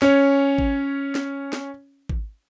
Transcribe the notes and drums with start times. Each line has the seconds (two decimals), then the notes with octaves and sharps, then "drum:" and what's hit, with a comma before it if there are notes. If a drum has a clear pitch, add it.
0.02 C#4 C#5, drum: snare
0.58 drum: kick G#1
1.15 drum: snare
1.53 drum: snare
2.09 drum: kick G#1